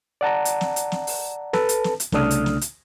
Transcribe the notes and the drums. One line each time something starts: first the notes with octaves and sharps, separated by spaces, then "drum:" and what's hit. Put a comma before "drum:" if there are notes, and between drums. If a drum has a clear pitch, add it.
D5 F#5 A5 A#5
drum: hi-hat
drum: snare
drum: hi-hat
drum: snare
drum: open hi-hat
A4 B4 A5, drum: snare
drum: hi-hat
drum: snare
drum: hi-hat
C2 C#3 A3 D4 D#6 F6, drum: snare
drum: hi-hat
drum: snare
drum: hi-hat